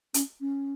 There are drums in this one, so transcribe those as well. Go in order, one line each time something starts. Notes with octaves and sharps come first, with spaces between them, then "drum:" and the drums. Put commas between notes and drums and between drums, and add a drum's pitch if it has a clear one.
C#4, drum: hi-hat
C#4